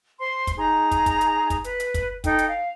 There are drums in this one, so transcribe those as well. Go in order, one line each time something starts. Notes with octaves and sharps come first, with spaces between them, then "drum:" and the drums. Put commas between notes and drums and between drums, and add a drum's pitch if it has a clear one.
C5 C6
drum: kick, hi-hat
D#4 G#4 A#5
drum: kick, hi-hat
drum: kick, hi-hat
drum: hi-hat
drum: kick, hi-hat
B4, drum: hi-hat
drum: hi-hat
drum: kick, hi-hat
D#4 A4 G5, drum: kick, hi-hat
drum: hi-hat
F5